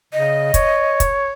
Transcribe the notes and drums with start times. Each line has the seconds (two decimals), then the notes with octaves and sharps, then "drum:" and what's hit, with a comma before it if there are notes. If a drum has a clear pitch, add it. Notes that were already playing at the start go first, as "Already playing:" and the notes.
0.13 C#3 D#5
0.54 C#5, drum: kick, hi-hat
1.00 drum: kick, hi-hat